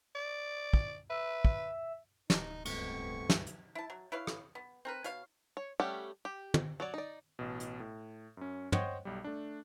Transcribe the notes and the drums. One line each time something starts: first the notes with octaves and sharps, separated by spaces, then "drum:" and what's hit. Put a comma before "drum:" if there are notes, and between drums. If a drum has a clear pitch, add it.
D5
drum: kick
B4 E5
drum: kick
D1 D#4, drum: snare
C#2 G2 A3 B3 C4 C#6, drum: cymbal
drum: snare
drum: hi-hat
E4 A5
F#3
E4 B4 C#5 F5
drum: rim click
B3
C4 A#4 B4
B2 C#5 F5, drum: hi-hat
C#5
G3 A3 C#4 G4 F#5
G4
drum: tom
F#3 C#5 D5
D#4 D5
A1 B2
drum: hi-hat
A2
F#2 C#4
C5 C#5 D#5 F#5 G5 C#6, drum: tom
B1 G3
A3 D4